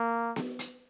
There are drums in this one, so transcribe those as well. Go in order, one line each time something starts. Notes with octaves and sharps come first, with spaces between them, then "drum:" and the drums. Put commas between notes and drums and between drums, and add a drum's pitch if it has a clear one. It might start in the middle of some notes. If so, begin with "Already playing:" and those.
Already playing: A#3
drum: snare B3
drum: hi-hat